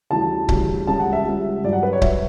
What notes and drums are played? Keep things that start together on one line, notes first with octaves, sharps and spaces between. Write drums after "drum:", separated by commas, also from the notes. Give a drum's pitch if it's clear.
D2 C#3 E3 G3 A5
D2 C#3 E3 G3, drum: kick C#1
C#2 C#3 G3 A5
F#5
E5
C#2 C#3 G3
G2 F#3 D5
F#5
B4
C#5
F#3 E5, drum: kick C#1